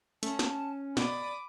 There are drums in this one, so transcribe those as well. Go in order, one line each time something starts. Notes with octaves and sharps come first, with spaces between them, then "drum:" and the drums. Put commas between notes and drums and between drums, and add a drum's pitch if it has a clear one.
A3 C#4 A5, drum: hi-hat
drum: snare
B2 D5 B5 D6 D#6, drum: snare